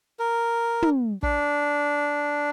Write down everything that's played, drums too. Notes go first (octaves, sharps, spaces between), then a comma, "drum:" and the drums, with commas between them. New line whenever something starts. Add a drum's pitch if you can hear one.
A#4
drum: tom
D4, drum: kick